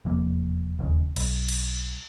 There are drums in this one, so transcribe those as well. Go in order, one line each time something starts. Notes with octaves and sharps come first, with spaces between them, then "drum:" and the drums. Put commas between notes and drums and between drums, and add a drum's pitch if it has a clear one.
F1 E2 F3 A#3
E1 D#2 C#3
B1, drum: cymbal
drum: cymbal